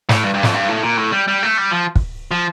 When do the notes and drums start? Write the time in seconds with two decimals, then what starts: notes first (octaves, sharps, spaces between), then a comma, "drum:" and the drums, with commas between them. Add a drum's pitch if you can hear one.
0.09 A2, drum: snare
0.23 G2
0.34 G2
0.43 F2, drum: snare
0.54 G2
0.69 A2
0.83 A#2
0.97 A2
1.12 G3
1.28 G3
1.43 A3
1.58 G3
1.71 F3
1.96 drum: kick
2.31 F3